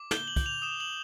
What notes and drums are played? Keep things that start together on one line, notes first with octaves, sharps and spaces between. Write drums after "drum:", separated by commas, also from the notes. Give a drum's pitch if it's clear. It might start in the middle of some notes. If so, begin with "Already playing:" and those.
Already playing: D6
G6 G7, drum: snare
F#7
G6, drum: kick, hi-hat
F7
D#6 E7
F#7